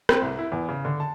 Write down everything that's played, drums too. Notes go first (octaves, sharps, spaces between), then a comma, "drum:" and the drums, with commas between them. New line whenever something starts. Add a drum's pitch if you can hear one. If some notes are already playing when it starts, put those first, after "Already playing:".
C4, drum: rim click
C2
E4
E2
C#3
D3
A5